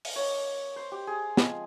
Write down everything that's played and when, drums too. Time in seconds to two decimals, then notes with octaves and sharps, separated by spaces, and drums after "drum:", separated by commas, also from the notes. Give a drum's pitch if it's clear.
0.05 drum: open hi-hat
0.16 A#3 D#4 C#5
0.76 C5
0.92 G4
1.07 G#4
1.37 F3 G#3 C4, drum: snare